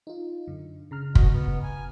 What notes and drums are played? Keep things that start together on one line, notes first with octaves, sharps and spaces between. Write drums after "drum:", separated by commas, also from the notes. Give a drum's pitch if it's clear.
D#4 F4
F#2 D3
C#3 A#5 F6
B2 F#4 D#5, drum: kick
B3
G#5